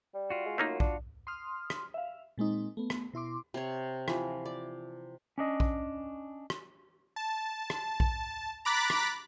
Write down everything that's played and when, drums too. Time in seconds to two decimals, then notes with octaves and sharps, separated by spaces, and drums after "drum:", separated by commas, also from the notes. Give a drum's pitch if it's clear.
0.15 G3
0.30 F4 F#4
0.46 G#3
0.58 F#2 A3 A#3 D#4
0.80 D4, drum: kick A#1
1.27 C6 D#6 F6
1.70 drum: rim click
1.94 E5 F5
2.38 A#2 G#3 C4 D#4
2.77 A3 B3
2.90 drum: rim click
3.13 B2 E4 C6 D6
3.54 C3 C#5
4.08 E3 F3, drum: rim click
4.46 D5
5.38 C#4 D4 D#5
5.60 drum: kick A#1
6.50 drum: rim click
7.16 A5
7.70 drum: rim click
8.00 drum: kick A#1
8.65 A#5 B5 D6 F#6 A6 B6
8.90 drum: rim click